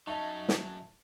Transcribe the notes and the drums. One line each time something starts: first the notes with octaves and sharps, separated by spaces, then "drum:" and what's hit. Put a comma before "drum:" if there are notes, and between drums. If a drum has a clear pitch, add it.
F#3 C#4 D#4 D#5 E5 A5 C#6
drum: snare